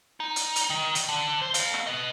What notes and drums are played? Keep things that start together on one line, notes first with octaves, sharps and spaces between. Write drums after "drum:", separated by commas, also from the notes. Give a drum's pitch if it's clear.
D#4
drum: hi-hat
drum: hi-hat
D#3
drum: hi-hat
D3
C5
A4 F5, drum: hi-hat
drum: rim click
B4 D#5